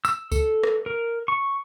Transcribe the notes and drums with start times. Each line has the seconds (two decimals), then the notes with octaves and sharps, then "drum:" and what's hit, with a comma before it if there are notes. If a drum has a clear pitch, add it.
0.05 E6, drum: tambourine
0.32 A4, drum: kick C#2, tambourine
0.63 drum: rim click
0.86 A#4
1.28 C#6